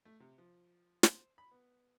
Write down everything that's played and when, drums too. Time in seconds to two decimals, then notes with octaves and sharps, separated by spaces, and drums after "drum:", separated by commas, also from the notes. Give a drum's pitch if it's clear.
0.05 A3
0.20 C3
0.38 F3
1.03 C5, drum: snare
1.38 B5
1.51 B3